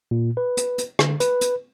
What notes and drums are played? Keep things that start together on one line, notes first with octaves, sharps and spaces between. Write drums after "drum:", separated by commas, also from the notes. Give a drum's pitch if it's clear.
A#2
B4
drum: hi-hat
drum: hi-hat
D3, drum: rim click
B4, drum: hi-hat
drum: hi-hat